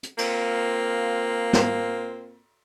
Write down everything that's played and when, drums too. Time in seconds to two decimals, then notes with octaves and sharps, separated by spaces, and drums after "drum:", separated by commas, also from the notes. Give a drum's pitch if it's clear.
0.03 drum: hi-hat
0.18 A#3 C4 F4, drum: cymbal
1.53 drum: snare